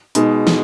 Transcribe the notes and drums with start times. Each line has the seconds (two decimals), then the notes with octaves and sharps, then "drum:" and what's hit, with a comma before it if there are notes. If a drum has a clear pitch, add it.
0.15 B2 G#3 D#4, drum: hi-hat
0.47 drum: snare